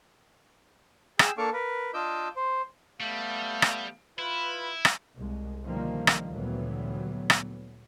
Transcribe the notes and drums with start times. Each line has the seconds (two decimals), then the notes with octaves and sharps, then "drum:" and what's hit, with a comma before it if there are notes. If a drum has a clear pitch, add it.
1.19 G#4 G5 E6, drum: rim click
1.38 A#3 D4 A4 F5 C#6 D6
1.53 A#4 B4
1.94 D4 F4 D#5 D6 E6 G6
2.36 C5
3.01 G3 A3 B3 F5
3.62 drum: rim click
4.19 E4 F4 B4
4.85 drum: rim click
5.17 C2 G#3
5.65 B2 D3 D#3 F3 G3 A#3
6.07 drum: rim click
6.32 D2 A#2 E3 F#3 G3 B3
7.30 drum: rim click